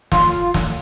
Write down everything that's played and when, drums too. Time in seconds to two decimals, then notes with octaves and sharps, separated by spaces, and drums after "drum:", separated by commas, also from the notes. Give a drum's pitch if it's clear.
0.12 F4, drum: snare
0.54 drum: snare